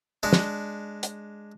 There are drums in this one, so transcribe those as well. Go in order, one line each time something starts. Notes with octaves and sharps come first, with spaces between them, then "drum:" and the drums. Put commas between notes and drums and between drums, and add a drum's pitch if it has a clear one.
G#3 D4
drum: snare
drum: hi-hat